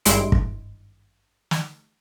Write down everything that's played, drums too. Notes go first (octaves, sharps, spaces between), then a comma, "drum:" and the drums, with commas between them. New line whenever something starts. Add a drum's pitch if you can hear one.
G#1 G2 G#3 E4 C6 D7, drum: hi-hat
drum: kick
drum: snare